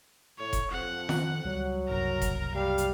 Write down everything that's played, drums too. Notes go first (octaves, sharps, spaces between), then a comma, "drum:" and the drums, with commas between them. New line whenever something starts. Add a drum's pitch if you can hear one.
A2 C#5
drum: kick F1, hi-hat
F2 F#5
D#3, drum: snare
C#2 F#3 G3
F#1 C2 F#2 A#4 A#5
drum: kick F1, hi-hat
G3 F5
drum: hi-hat